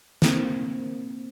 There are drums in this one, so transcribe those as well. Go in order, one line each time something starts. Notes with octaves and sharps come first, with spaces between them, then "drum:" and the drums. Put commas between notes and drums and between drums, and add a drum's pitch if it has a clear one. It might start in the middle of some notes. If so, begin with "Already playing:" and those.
A#3 C4, drum: snare